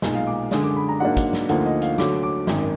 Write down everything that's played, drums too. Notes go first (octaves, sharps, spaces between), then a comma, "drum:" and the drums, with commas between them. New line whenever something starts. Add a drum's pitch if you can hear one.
B1 A#2 G#3 D#4 D#5, drum: snare
F5
D6
F#2 D3 G#3 D4 D#6, drum: snare
D6
B5
A#5
G#2 F#3 A#3 D4 F#5
drum: kick, hi-hat
drum: snare
D2 D3 F3 A#3 D#4 F#5, drum: hi-hat
D#5
F5, drum: hi-hat
D2 D3 F#3 D6, drum: snare
D6
G#1 F#2 D#3, drum: snare